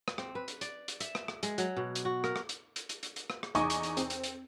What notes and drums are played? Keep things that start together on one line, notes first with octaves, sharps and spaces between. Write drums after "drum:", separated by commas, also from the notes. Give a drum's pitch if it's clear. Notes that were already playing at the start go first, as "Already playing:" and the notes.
drum: rim click
C4, drum: rim click
B4
drum: hi-hat
D5, drum: hi-hat
drum: hi-hat
E5, drum: hi-hat
drum: rim click
drum: rim click
G#3, drum: hi-hat
F#3, drum: hi-hat
B2
drum: hi-hat
F#4
A#4, drum: rim click
drum: rim click
drum: hi-hat
drum: hi-hat
drum: hi-hat
drum: hi-hat
drum: hi-hat
drum: rim click
drum: rim click
E2 D#4 G#5 C#6 D6, drum: hi-hat
drum: hi-hat
drum: hi-hat
C4, drum: hi-hat
drum: hi-hat
drum: hi-hat